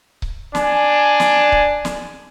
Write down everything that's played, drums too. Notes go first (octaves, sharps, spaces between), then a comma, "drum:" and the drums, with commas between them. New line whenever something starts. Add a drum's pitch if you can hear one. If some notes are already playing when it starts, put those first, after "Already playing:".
drum: kick C#1
D4 G#5, drum: snare
drum: snare
drum: kick C#1
drum: snare